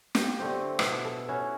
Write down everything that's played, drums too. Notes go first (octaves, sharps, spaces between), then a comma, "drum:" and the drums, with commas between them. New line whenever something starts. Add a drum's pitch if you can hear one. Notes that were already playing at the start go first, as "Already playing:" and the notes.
G4, drum: snare
D3 A3 C4
B2 E4 E5, drum: rim click
A4
C#4 E4 F#4